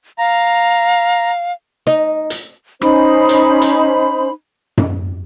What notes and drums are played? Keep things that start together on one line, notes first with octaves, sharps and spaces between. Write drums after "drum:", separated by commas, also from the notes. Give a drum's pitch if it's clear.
F5 A#5
D#4
drum: hi-hat
C#4 D#4 C5 B5, drum: rim click
drum: hi-hat
drum: hi-hat
drum: tom F#2